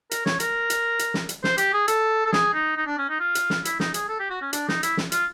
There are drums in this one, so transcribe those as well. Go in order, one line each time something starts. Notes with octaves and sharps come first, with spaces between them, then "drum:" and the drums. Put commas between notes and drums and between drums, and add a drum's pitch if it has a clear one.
A#4, drum: hi-hat
C#5, drum: snare
A#4, drum: hi-hat
drum: hi-hat
drum: hi-hat
drum: snare
drum: hi-hat
C5, drum: snare
G4, drum: hi-hat
G#4
A4, drum: hi-hat
A4
G#4, drum: snare
D#4
D#4
D4
C#4
D#4
F4
drum: hi-hat
drum: snare
E4, drum: hi-hat
D#4, drum: snare
G#4, drum: hi-hat
A4
G4
F#4
C#4
D4, drum: hi-hat
D#4, drum: snare
E4, drum: hi-hat
drum: snare
F4, drum: hi-hat